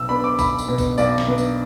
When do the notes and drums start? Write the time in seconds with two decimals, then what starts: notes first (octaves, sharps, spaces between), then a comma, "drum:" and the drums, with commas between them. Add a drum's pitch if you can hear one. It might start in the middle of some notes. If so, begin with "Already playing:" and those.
Already playing: B1 E6
0.09 B2 B3 D4 B5
0.24 D6
0.39 B1 B5, drum: kick G#1, tambourine
0.58 drum: tambourine
0.69 B2 B3 D4
0.78 drum: kick G#1, tambourine
0.98 B1 D5, drum: tambourine
1.18 drum: snare
1.28 B2 B3 D4
1.38 drum: tambourine